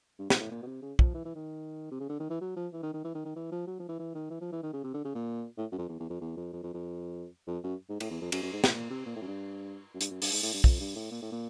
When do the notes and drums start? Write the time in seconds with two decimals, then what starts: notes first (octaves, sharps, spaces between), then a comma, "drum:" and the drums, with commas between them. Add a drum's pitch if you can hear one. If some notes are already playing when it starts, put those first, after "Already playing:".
0.19 G2
0.30 G#2, drum: snare
0.40 A2
0.51 A#2
0.63 B2
0.66 C3
0.83 C#3
0.99 F3, drum: kick
1.15 E3
1.25 E3
1.36 D#3
1.92 C3
2.00 C#3
2.09 D3
2.20 D#3
2.30 E3
2.41 F#3
2.56 F3
2.73 E3
2.83 D#3
2.94 D#3
3.05 E3
3.15 D#3
3.25 D#3
3.36 E3
3.52 F3
3.67 F#3
3.80 F3
3.89 E3
3.99 E3
4.15 D#3
4.30 E3
4.41 F3
4.52 E3
4.63 D#3
4.74 C#3
4.84 C3
4.94 D3
5.05 C#3
5.15 A#2
5.58 A2
5.72 F#2
5.78 F2
5.89 E2
6.00 E2
6.10 F2
6.21 E2
6.37 F2
6.53 F2
6.63 F2
6.74 F2
7.47 F2
7.64 F#2
7.89 G#2
8.00 A2, drum: cymbal
8.10 E2
8.22 F2
8.32 F#2, drum: cymbal
8.43 F#2
8.53 G#2
8.64 A2, drum: snare
8.74 A#2
8.90 C3
9.06 A#2
9.16 A2
9.22 F#2
9.27 G2
9.94 F#2
10.01 G2, drum: hi-hat
10.11 F#2
10.22 G2, drum: open hi-hat
10.32 G#2
10.43 A2
10.54 G2
10.64 F2, drum: kick
10.80 G2
10.96 A2
11.12 A#2
11.22 A2
11.32 A#2